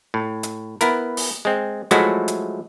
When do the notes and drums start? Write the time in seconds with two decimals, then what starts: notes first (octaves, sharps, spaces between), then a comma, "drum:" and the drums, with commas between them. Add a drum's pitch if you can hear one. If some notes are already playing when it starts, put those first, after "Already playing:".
0.14 A2
0.43 drum: hi-hat
0.81 B3 E4 A#4, drum: hi-hat
1.17 drum: open hi-hat
1.45 G#3 C4
1.91 F3 F#3 G#3 A3 E4 F#4, drum: hi-hat
2.28 drum: hi-hat